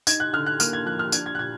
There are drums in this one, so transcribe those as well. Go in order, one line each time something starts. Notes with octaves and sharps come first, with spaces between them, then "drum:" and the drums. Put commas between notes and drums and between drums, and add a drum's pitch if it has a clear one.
D#4 G#6, drum: tambourine
F#6
D3 F6
F#6
A#3 F6, drum: tambourine
G#6
F3 F#6
F6
D4 G#6, drum: tambourine
G#6
F#6
A#2 G#6